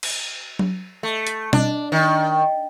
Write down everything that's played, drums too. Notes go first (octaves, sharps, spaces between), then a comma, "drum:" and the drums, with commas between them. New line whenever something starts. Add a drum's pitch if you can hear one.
drum: cymbal
drum: tom F#3
A3
drum: hi-hat
D4, drum: tom B2
D#3